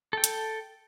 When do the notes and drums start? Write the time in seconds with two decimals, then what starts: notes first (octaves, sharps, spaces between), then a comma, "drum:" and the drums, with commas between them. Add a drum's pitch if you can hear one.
0.13 A4 G5
0.24 drum: hi-hat